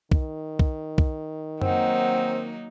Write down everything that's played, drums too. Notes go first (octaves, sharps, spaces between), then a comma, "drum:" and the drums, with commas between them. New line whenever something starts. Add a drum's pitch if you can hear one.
D#3, drum: kick
drum: kick
drum: kick
F#3 A#3 C4 D#4 F#5, drum: tom F#2